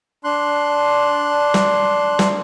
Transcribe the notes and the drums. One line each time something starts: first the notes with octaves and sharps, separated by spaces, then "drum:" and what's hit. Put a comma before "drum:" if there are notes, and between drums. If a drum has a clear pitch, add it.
D4 C6 F#6
drum: snare
drum: snare